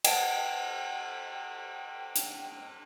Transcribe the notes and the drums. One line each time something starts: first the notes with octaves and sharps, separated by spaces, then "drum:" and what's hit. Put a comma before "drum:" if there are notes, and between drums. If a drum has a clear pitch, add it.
D#5 F#5 G5 A5, drum: cymbal
drum: hi-hat